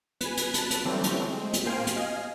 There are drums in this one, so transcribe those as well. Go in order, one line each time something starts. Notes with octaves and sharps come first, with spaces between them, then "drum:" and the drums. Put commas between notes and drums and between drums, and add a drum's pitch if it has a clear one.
B4 G#5, drum: hi-hat
drum: hi-hat
A5 B5 F#6, drum: hi-hat
drum: hi-hat
D3 E3 F#3 G3 A3 C4
drum: hi-hat
G#3 C4
drum: hi-hat
A2 A#3 C5 F5 G5 G#5
drum: hi-hat
D#5 F5 G#5